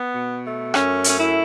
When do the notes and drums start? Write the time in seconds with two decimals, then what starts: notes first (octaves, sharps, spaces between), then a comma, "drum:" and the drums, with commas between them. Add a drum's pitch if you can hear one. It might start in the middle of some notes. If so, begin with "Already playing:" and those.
Already playing: B3
0.14 B2
0.45 A3
0.74 F#2 C#4, drum: rim click
1.04 A3 C#4, drum: hi-hat
1.19 E4